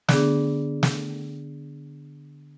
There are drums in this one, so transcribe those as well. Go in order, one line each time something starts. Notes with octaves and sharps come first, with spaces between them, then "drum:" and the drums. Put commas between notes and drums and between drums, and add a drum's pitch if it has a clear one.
D3 B3 D4 G#4, drum: snare
drum: snare